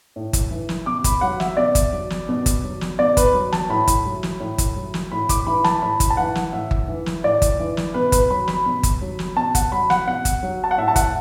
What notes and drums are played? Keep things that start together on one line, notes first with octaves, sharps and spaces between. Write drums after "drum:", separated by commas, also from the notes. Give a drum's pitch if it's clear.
A2
drum: kick G1, hi-hat
E3
drum: snare
B2 D6
B5, drum: kick G1, hi-hat
F#3 F#5
E5, drum: snare
B2 D5
drum: kick G1, hi-hat
F#3
drum: snare
B2
drum: kick G1, hi-hat
F#3
drum: snare
B2 D5
B4, drum: kick G1, hi-hat
F#3
A5, drum: snare
A2 B5
drum: kick G1, hi-hat
F#3
drum: snare
A2
drum: kick G1, hi-hat
F#3
drum: snare
A2 B5
D6, drum: kick G1, hi-hat
E3 B5
A5, drum: snare
A2 B5
drum: kick G1, hi-hat
A5
E3 F#5
drum: snare
A2 E5
drum: kick G1
E3
drum: snare
A2 D5
drum: kick G1, hi-hat
E3
drum: snare
B2 B4
B4, drum: kick G1, hi-hat
F#3 B5
B5, drum: snare
B2
drum: kick G1, hi-hat
F#3
drum: snare
B2 A5
F#5, drum: kick G1, hi-hat
F#3 B5
F#5, drum: snare
B2 F#5
drum: kick G1, hi-hat
F#3
A5
F#5
A2 E5
A5
F#5, drum: kick G1, hi-hat